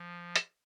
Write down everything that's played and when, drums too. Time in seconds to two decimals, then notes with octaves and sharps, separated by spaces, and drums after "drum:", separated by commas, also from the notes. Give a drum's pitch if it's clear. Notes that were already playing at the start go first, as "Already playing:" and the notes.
Already playing: F3
0.36 drum: hi-hat